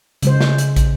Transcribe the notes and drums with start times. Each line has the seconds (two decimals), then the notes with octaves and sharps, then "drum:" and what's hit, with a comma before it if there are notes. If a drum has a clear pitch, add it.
0.23 C#3 G#3 C5, drum: hi-hat
0.40 drum: snare
0.58 drum: hi-hat
0.76 drum: kick, hi-hat